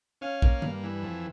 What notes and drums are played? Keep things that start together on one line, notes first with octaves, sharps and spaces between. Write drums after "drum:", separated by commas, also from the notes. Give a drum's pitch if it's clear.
C#4 F5
A#3, drum: kick
G2, drum: tom
E3
F2